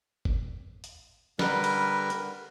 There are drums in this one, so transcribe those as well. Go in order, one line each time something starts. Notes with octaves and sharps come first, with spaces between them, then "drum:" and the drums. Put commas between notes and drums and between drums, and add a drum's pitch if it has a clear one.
drum: kick G1
drum: hi-hat
D3 G3 A#4 B4, drum: snare
drum: cymbal
drum: hi-hat